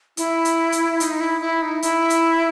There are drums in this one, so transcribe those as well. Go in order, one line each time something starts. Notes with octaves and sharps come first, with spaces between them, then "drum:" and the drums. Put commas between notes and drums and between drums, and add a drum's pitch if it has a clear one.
E4, drum: hi-hat
drum: hi-hat
drum: hi-hat
D#4, drum: hi-hat
E4
E4
D#4
E4, drum: hi-hat
drum: hi-hat